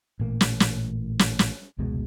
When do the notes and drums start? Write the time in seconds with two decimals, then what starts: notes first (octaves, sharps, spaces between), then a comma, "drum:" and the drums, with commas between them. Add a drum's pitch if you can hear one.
0.20 A1 A#2 A#3
0.41 drum: snare
0.60 drum: snare
1.19 drum: snare
1.39 drum: snare
1.78 F1 C#2 B2 G#3